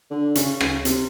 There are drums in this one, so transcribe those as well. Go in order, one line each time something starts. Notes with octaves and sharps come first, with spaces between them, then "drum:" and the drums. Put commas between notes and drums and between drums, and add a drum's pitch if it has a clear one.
D3
C#3, drum: hi-hat
C#3, drum: rim click
C3, drum: hi-hat